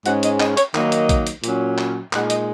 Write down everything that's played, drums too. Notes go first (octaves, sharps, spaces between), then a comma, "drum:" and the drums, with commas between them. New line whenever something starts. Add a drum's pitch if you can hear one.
G#2 G#3 C#4 F#5, drum: hi-hat
D#5, drum: hi-hat
D#5, drum: clap
C#5, drum: hi-hat
D#3 F#3 A#3 D#4 D#5, drum: clap
drum: hi-hat
drum: kick, hi-hat
drum: hi-hat
A#2 F#3 C#4, drum: hi-hat
drum: clap
A#2 G#3 D#4 F#5, drum: clap
D#5, drum: hi-hat